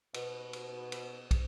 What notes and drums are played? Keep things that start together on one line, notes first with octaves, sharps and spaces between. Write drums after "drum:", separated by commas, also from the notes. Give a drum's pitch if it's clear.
B2, drum: cymbal
drum: cymbal
drum: cymbal
drum: kick, cymbal